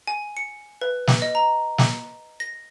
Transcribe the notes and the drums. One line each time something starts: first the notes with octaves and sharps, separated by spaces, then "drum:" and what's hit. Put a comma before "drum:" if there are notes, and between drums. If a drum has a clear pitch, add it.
G#5
C#7
B4
drum: snare
D#5
A#5
drum: snare
A#6